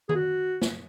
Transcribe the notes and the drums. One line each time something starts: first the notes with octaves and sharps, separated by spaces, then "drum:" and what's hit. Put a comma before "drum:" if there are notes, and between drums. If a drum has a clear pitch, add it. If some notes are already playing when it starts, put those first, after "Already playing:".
G#4, drum: tom D#3
F#4
drum: snare